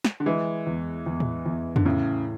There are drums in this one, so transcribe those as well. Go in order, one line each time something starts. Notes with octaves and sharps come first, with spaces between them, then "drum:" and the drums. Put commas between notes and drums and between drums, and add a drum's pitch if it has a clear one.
drum: snare
D3
E3 G#3
E2
E2
drum: tom A2
E2
D3, drum: tom F2
A2 C#3